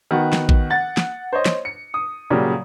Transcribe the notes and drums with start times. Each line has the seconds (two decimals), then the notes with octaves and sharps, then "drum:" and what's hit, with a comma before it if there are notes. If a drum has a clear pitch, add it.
0.11 D#3 B3 F#4
0.33 drum: snare
0.49 drum: kick A1
0.70 F#5 A6
0.97 drum: snare
1.33 C5 C#5 D#5
1.46 drum: snare
1.65 C#7
1.94 D#6
2.30 A#2 C#3 F#3 G3